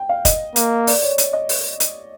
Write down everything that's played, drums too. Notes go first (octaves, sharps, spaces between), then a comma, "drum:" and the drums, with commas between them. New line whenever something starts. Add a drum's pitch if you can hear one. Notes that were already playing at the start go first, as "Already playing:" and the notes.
Already playing: G5
F5
D#5, drum: kick, hi-hat
A#3, drum: hi-hat
D5, drum: open hi-hat
C#5
drum: hi-hat
D#5
drum: open hi-hat
drum: hi-hat